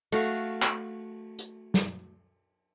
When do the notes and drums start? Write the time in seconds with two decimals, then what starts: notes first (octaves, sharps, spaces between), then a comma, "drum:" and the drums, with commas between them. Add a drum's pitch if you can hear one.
0.12 A3 F#4 F5, drum: cymbal
0.62 drum: clap
1.39 drum: hi-hat
1.74 drum: snare